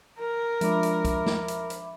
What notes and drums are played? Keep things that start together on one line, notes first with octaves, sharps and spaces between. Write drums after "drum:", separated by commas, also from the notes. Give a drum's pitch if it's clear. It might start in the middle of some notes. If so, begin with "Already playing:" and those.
A#4
F3 G#3 D4 E5 B5 D6, drum: hi-hat
drum: hi-hat
drum: kick B1, hi-hat
drum: snare
drum: hi-hat
drum: hi-hat